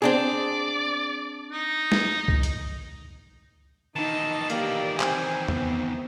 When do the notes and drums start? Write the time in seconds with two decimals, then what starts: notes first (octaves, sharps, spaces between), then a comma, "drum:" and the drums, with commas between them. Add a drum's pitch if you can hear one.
0.02 C4 D4 G#4 D5
1.51 D#4
1.92 drum: snare
2.28 drum: kick C#2
2.43 drum: hi-hat
3.96 D#3 E3 D#4 D#5 A5
4.50 A#3 G4 D5, drum: hi-hat
5.00 C4 G#5, drum: clap
5.48 B3, drum: tom E2